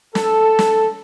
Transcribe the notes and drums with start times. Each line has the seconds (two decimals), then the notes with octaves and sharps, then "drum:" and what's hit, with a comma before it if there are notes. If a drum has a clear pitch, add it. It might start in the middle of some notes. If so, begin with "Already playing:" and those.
0.15 A4, drum: snare
0.59 drum: snare